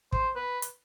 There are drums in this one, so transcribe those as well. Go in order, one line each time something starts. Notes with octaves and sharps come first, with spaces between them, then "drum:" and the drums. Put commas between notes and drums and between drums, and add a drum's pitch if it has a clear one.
C5, drum: kick
B4
drum: hi-hat